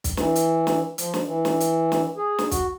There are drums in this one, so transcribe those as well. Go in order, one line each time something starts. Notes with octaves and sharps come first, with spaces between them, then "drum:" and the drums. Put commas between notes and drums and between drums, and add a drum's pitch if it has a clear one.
drum: kick, hi-hat
E3, drum: snare
drum: hi-hat
drum: snare
F3, drum: hi-hat
drum: snare
E3
drum: snare
drum: hi-hat
drum: snare
G#4
drum: snare
F#4, drum: kick, hi-hat